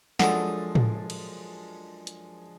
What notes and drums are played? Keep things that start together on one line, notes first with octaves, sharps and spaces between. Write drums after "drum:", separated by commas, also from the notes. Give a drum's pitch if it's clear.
F#2 F3 G#3 D4 A4 F#5 D#6, drum: snare
drum: tom A2
drum: cymbal
drum: hi-hat